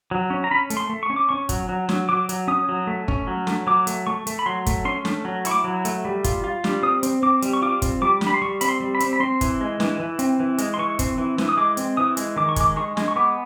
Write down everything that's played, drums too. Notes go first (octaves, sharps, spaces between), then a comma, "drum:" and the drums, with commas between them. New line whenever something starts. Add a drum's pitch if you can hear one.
F#3
C#4
A#5
C#4 B5
A3, drum: hi-hat
C6
A3
C#6
C#4
D6
C#4 C#6
F#3, drum: kick, hi-hat
F#3
F#3, drum: snare
F#3 D6
F#3, drum: hi-hat
C#4 D#6
F#3
A3
C#4, drum: kick
F#3
A3, drum: snare
F#3 D6
A3, drum: hi-hat
A3 C#6
A3, drum: hi-hat
B5
F#3 C6
A3, drum: kick, hi-hat
C#4 C6
A3, drum: snare
F#3
E4 C#6, drum: hi-hat
D6
F#3
A3, drum: hi-hat
G3
F4, drum: kick, hi-hat
F4
G3, drum: snare
C4 D#6
C4, drum: hi-hat
C4 D6
G3, drum: hi-hat
C#6
F4 D6
C4, drum: kick, hi-hat
G3 D6
G3, drum: snare
B5
C6
G3 C#6
C4 B5, drum: hi-hat
C6
G3
B5
C4, drum: hi-hat
B5
C4 C6
E3, drum: kick, hi-hat
G#3
E3, drum: snare
E3
C4, drum: hi-hat
E3
G#3, drum: hi-hat
C6
E3 C#6
C4, drum: kick, hi-hat
E3
E3, drum: snare
D#6
G#3 D6
C4, drum: hi-hat
E3 D#6
G#3, drum: hi-hat
D#3 D6
C#6
G#3 D6, drum: kick, hi-hat
G#3 C#6
G#3, drum: snare
C#6
B3 D6